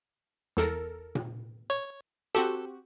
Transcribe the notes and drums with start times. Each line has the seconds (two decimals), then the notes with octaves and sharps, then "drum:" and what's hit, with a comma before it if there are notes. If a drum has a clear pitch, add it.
0.57 E2 A4 A#4, drum: snare
1.15 drum: tom A#2
1.70 C#5
2.35 C4 F#4 G4 A4